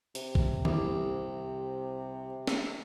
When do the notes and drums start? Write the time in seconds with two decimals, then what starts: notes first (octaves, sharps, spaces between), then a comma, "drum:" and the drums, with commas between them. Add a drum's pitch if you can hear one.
0.15 C3, drum: hi-hat
0.35 drum: kick B1
0.65 C2, drum: tom D#3
2.47 drum: snare